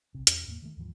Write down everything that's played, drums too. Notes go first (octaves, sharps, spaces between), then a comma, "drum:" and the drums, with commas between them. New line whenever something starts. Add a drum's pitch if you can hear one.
B1 C3
E2 C#4, drum: hi-hat
E2 A2 A3 A#3
D#3 F#3 A3
D#2 G#2 E3 F3